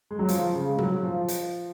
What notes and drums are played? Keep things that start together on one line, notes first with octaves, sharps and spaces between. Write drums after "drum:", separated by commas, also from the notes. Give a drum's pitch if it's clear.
G#3
F#3
F3, drum: hi-hat
C#3
G#3
F#3, drum: tom A#2
F3
drum: hi-hat